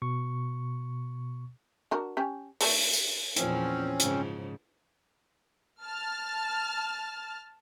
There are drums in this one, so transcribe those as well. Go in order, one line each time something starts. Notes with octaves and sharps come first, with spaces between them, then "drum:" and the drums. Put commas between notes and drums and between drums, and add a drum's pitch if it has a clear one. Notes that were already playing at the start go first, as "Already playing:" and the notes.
B2 C#6
D4 F#4 A#4
C#4 G4
A3 A4 D5, drum: open hi-hat
drum: tambourine
E2 A#2 F3 C4 C#4, drum: hi-hat
G#2 C#3 F3, drum: hi-hat
A5 F6